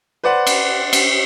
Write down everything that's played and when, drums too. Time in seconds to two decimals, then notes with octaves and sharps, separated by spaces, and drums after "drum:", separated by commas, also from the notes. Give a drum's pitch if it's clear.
0.24 B4 C5 D5 F#5
0.47 drum: cymbal
0.93 drum: cymbal